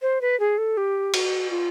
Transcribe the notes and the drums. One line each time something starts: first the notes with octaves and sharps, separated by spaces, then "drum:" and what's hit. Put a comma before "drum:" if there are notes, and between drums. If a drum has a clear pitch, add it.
C5
B4
G#4
A4
G4
F#4, drum: cymbal
F4